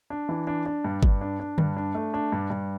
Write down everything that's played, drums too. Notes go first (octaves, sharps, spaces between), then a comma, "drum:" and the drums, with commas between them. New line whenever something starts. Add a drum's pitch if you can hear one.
D4
E3
D4
D4
G2
G2, drum: kick G1
D4
D4
G2, drum: tom D3
D4
A3
D4
G2
G2